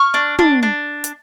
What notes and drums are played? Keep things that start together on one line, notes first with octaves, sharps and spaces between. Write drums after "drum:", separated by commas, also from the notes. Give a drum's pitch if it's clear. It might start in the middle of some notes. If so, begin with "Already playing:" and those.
Already playing: C#6 F6
D4
D4, drum: tom
D4
drum: hi-hat